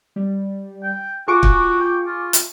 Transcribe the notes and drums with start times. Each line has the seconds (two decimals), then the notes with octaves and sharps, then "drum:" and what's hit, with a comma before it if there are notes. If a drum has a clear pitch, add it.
0.16 G3
0.83 G5
1.28 F4 F#4 G#4 C#6 D6
1.43 drum: kick
1.80 G5
2.06 F4
2.33 drum: hi-hat